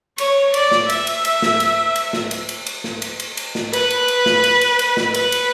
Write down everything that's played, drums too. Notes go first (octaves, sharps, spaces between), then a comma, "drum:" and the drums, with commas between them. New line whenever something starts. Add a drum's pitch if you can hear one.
C#5, drum: cymbal
D5, drum: cymbal
drum: snare
E5, drum: cymbal
drum: cymbal
drum: cymbal
drum: snare
drum: cymbal
drum: cymbal
drum: snare
drum: cymbal
drum: cymbal
drum: cymbal
drum: snare
drum: cymbal
drum: cymbal
drum: cymbal
drum: snare
B4, drum: cymbal
drum: cymbal
drum: cymbal
drum: snare
drum: cymbal
drum: cymbal
drum: cymbal
drum: snare
B4, drum: cymbal
drum: cymbal